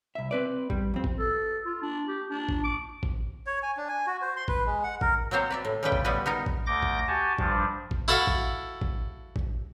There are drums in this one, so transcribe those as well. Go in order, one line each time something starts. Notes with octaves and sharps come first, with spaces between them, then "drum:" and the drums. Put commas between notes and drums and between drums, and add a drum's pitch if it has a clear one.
C2 E5
C4 B4 D5
G3, drum: kick A1
F2 C4
drum: kick A1
A4
F4
D4
G4
D4
drum: kick A1
D6
drum: kick A1
C#5
G#5
D4
G#5
F#4
C5
C6
B4, drum: kick A1
G#3
F#5
A#4, drum: kick A1
F#3 A#3 C4 C5 C#5
B4 D5 E5
A2
C#3 F3 G3 A3 B4 G5
drum: kick A1
G3 B3 E4 F4 B4 D#5
B3 D#4 A#4
drum: kick A1
D2 D6 G6 A#6
drum: kick A1
F#4 G4 G#5 A5
G2 F3 G3 D4, drum: kick A1
drum: kick A1
E4 F#4 A4 F5
drum: kick A1
drum: kick A1
drum: kick A1